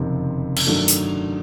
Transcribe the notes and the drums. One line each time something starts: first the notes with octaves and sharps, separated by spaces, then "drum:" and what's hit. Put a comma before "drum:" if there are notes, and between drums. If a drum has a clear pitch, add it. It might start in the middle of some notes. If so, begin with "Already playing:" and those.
Already playing: F#1 F2 C3 D#3
drum: cymbal
G2 D#3 F#3 A3 D4
drum: hi-hat